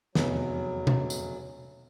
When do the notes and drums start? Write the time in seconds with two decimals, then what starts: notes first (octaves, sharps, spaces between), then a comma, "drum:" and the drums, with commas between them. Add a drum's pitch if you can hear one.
0.15 F1 E2 F#3, drum: snare
0.87 drum: tom B2
1.10 drum: tambourine